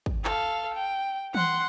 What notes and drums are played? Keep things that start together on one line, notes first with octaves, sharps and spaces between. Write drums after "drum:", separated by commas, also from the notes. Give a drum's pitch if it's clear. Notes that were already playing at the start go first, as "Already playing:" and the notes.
drum: kick
A4 F5, drum: clap
G5
F#5 C6, drum: tom E3